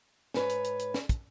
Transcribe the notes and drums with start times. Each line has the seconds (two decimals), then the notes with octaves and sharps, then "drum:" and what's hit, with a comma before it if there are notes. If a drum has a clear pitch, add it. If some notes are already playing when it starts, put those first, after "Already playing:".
0.34 G#2 B4 C#5, drum: snare
0.49 drum: hi-hat
0.64 drum: hi-hat
0.79 drum: hi-hat
0.94 drum: snare
1.09 drum: kick, hi-hat